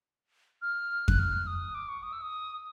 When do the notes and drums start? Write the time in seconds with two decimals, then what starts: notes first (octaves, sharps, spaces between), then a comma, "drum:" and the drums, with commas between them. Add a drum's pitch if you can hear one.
0.62 F6
1.08 F#6, drum: kick F2
1.19 F6
1.47 D#6
1.75 D6
1.89 C#6
2.03 D#6
2.13 E6
2.22 D#6